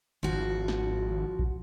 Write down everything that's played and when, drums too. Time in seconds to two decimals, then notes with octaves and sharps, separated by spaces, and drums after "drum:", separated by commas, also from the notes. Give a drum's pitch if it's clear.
0.23 G#1 F3 F#4
0.68 drum: snare
1.39 drum: kick A#1